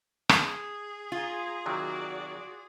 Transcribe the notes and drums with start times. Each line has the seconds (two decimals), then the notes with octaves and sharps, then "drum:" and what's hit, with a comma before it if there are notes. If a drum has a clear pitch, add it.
0.29 G#4, drum: rim click
1.12 F4 G#5 A#5
1.66 C3 D#3 F#3 F#4 D5